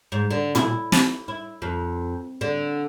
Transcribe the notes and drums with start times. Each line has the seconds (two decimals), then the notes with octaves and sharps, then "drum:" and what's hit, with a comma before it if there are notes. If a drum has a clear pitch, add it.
0.12 G#2
0.31 D3
0.55 E4, drum: tom
0.92 drum: snare
1.28 E4
1.62 F2
2.41 D3